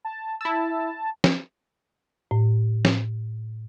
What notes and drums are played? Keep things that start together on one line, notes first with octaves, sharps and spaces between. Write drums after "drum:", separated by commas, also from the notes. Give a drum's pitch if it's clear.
A5
E4 A5 E6
drum: snare
A2
drum: snare